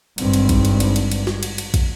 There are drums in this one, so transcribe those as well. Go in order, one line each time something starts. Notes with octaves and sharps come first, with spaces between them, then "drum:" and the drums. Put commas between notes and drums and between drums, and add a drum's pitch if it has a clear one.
G#1 G2 C4, drum: cymbal
drum: cymbal
drum: kick, cymbal
drum: cymbal
drum: cymbal
drum: cymbal
drum: cymbal
drum: snare
drum: cymbal
drum: cymbal
drum: kick, cymbal